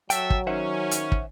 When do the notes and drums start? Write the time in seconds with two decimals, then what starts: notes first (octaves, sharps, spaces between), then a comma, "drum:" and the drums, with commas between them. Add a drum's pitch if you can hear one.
0.10 F#3 F#4 A4 E5 G5, drum: hi-hat
0.30 drum: kick
0.47 D#3 C#4 C5 E5 F#5
0.91 drum: hi-hat
1.12 drum: kick